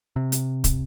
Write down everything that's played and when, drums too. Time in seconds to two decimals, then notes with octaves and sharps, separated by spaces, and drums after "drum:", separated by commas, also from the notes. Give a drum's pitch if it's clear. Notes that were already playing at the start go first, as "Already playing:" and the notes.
0.16 C3
0.32 drum: hi-hat
0.64 drum: kick, hi-hat